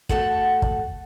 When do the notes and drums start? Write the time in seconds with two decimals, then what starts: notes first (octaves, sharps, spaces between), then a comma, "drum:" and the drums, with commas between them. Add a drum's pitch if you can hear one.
0.09 A3 F#4 A4 F#5, drum: kick
0.62 drum: kick